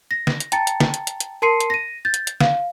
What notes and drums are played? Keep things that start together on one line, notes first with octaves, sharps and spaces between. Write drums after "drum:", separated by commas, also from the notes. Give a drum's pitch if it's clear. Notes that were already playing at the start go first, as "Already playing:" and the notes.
A#6
drum: snare
drum: hi-hat
G5 A5 A#5 A6 C#7, drum: hi-hat
drum: hi-hat
drum: snare
drum: hi-hat
drum: hi-hat
drum: hi-hat
A#4 A5 C6 C7 C#7 D#7
drum: hi-hat
A#6 D#7
G6 A6
drum: hi-hat
drum: hi-hat
F5, drum: snare